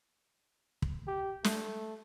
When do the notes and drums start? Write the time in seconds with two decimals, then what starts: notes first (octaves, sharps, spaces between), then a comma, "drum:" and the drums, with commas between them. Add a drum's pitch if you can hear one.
0.82 drum: kick
1.07 G4
1.44 A3, drum: snare